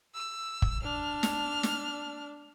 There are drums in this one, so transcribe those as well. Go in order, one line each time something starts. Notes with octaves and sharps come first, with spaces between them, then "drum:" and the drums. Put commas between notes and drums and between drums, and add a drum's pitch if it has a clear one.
E6
drum: kick
D4 F6
drum: snare
drum: snare